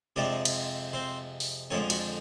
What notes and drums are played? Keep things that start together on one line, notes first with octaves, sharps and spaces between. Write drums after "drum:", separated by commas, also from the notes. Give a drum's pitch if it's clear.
F2 C3 F3 G#3 D4 D5
drum: cymbal
C4 C5
drum: open hi-hat
F2 D3 F3 G#3 C#4 C#5
F#4 F#5, drum: cymbal